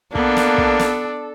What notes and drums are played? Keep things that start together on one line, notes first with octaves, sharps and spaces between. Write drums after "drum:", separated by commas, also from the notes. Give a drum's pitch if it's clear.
A#3 B3 D4 A4, drum: kick
drum: snare
drum: kick
drum: snare